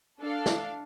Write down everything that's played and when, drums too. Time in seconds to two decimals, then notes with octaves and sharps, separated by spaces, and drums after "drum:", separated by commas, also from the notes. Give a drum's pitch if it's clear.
0.23 D4 A4 F5
0.46 drum: snare